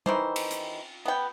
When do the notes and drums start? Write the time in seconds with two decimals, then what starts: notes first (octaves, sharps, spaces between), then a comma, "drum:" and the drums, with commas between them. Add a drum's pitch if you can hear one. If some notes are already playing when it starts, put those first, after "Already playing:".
0.06 D#3 E3 C5, drum: tom
0.36 drum: cymbal
0.51 drum: hi-hat
1.06 B3 G5